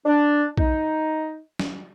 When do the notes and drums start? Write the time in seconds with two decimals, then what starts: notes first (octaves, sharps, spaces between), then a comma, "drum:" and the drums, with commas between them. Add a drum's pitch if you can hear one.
0.06 D4
0.58 D#4, drum: kick
1.59 drum: snare